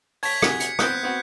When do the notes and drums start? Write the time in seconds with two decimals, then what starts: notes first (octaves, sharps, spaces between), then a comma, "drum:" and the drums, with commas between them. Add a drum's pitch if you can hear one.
0.23 C#5 A5 G#6 B6, drum: open hi-hat
0.42 C3 F#4 G#4, drum: rim click
0.60 C#7, drum: hi-hat
0.79 B3 C4 F#6 G6 B6, drum: rim click
1.03 B3 C4 F#4